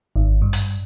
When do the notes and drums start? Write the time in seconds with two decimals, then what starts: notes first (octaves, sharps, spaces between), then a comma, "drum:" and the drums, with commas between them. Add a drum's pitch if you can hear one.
0.16 G#1
0.42 G2
0.53 drum: hi-hat